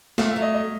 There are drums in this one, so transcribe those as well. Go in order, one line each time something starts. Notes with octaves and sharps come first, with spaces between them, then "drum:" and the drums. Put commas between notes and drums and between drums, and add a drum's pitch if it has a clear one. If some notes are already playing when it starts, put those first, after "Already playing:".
A3 F5, drum: snare
E5
F#3
D#5
D#5